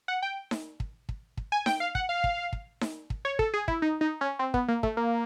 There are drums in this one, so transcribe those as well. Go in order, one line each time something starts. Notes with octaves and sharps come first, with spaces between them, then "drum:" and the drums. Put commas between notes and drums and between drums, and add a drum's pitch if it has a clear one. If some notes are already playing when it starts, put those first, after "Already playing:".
F#5
G5
drum: snare D#4
drum: kick
drum: kick
drum: kick
G#5
G5, drum: snare D#4
F5
F#5, drum: kick
F5
drum: kick
drum: kick
drum: snare D#4
drum: kick
C#5
A4, drum: kick
G#4
E4, drum: kick
D#4
D#4
C#4
C4
B3, drum: kick
A#3
A3, drum: kick
A#3